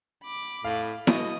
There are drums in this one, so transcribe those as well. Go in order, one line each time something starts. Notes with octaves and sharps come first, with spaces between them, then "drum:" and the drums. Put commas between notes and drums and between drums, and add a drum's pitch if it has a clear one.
B5 D6
A2 F5
B2 D#5 D#6, drum: snare E4